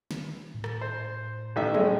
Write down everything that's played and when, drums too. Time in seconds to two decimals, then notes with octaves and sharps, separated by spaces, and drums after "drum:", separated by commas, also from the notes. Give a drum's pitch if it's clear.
0.11 drum: snare
0.54 A2
0.64 drum: rim click
0.81 C5
1.56 A1 D#3 E5
1.74 G#3 A3 C#4, drum: tom F3